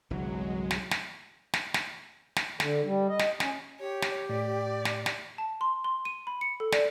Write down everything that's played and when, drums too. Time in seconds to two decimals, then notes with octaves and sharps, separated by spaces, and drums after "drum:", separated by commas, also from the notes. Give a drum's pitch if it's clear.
0.10 G1 C2 E3 F#3 G#3
0.71 drum: snare
0.91 drum: snare
1.53 drum: snare
1.74 drum: snare
2.36 drum: snare
2.60 D3, drum: snare
2.85 G3
3.09 D#5
3.19 drum: snare
3.40 C#4, drum: snare
3.80 G4 C#5
4.02 drum: snare
4.29 A2 D5
4.85 drum: snare
5.06 drum: snare
5.38 A5
5.61 C6
5.84 C6
6.05 D#7
6.27 B5
6.41 C#7
6.60 A4
6.72 D5, drum: snare